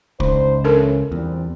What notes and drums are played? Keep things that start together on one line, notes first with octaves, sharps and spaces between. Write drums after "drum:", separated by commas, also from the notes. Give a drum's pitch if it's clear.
C#2 D4 D#4 C5, drum: kick
E3 C#4 D4 A4 A#4
E2 A#2 G3 C4